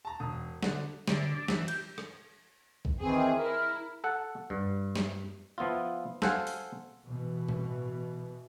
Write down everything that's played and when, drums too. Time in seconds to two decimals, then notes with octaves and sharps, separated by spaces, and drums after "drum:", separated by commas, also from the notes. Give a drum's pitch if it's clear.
0.05 A5 A#5
0.20 E1 D#6
0.63 D3, drum: snare
1.08 D3, drum: snare
1.35 D4
1.48 E3, drum: snare
1.68 G4, drum: cymbal
1.98 drum: rim click
2.85 drum: kick B1
3.02 D#3 E3 C4 G#4
3.38 E4 A#4
4.04 A4 F#5
4.50 G2
4.96 drum: snare
5.58 F3 B3 E4 F4
6.22 A4 C5 F5 F#5 G#5, drum: snare
6.47 drum: open hi-hat
7.04 B2 E3
7.49 drum: tom A2